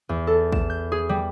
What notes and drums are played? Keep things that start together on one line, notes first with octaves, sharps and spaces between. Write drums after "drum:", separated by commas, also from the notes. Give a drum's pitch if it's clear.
E2
A4
E7, drum: kick
G6
G#4
G3